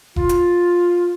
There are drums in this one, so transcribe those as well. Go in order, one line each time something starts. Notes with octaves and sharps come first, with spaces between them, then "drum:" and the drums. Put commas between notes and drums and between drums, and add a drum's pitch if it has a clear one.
F4, drum: kick F1
drum: hi-hat